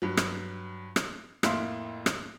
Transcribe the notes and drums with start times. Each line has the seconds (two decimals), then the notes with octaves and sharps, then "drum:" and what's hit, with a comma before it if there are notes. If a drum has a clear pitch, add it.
0.02 G2 F#3
0.17 drum: rim click
0.96 drum: rim click
1.43 F2 A2 A#3 E5 F5 C6, drum: rim click
2.06 drum: rim click